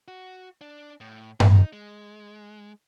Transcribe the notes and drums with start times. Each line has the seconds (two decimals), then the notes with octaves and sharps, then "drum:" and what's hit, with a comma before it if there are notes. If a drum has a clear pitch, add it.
0.08 F#4
0.61 D4
1.01 A2
1.40 D#4, drum: tom G2
1.73 G#3